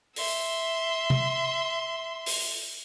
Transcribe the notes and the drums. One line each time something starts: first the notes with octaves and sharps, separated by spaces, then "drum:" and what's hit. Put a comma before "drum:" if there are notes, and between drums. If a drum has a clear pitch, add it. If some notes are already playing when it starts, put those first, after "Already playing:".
E5 C6, drum: open hi-hat
drum: tom C3
drum: open hi-hat